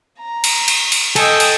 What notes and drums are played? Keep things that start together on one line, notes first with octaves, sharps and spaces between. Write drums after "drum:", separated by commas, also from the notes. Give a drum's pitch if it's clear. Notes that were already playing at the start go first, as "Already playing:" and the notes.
A#5
drum: cymbal
drum: cymbal
drum: cymbal
A4 D#5 G5 G#5, drum: cymbal
drum: cymbal